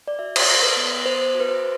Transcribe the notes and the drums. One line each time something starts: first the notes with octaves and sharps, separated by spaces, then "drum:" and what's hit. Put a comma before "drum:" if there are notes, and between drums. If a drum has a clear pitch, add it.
D5
F#4 E5
C5, drum: cymbal
D5
A4
B4
B3
B3 C5
F#4
B4
C5